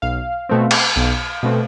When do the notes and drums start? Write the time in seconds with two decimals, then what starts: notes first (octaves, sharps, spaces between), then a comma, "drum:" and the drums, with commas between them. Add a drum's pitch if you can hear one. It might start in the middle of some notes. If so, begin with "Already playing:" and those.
0.02 B1 F5
0.49 B2 A3 C4
0.71 drum: cymbal
0.96 B1
1.43 B2 A3 C4